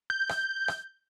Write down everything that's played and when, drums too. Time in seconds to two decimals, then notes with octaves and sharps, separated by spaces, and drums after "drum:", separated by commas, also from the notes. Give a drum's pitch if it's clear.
0.10 G6
0.29 drum: rim click
0.68 drum: rim click